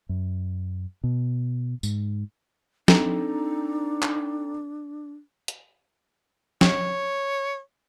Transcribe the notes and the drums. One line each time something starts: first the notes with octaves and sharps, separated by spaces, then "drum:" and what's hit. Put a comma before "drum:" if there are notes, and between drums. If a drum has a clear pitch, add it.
F#2
B2
G#2, drum: tambourine
C4 D4 D#4 A4 A#5, drum: snare
drum: clap
drum: hi-hat
C#5, drum: snare